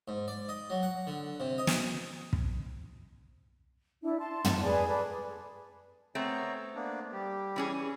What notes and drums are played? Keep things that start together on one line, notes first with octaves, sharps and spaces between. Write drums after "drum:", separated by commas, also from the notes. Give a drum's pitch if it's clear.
G#2
D5
D#5
F#3
F#5
D3
C3
D#5
drum: snare
drum: kick
D4 E4
A5 C6
drum: tom
G#4 B4 D5 G#5
A4 B4 D5
A3 B3 C4 C#5 A#5
A#3 B3 D4
G3 G4
E3 C#4 G#4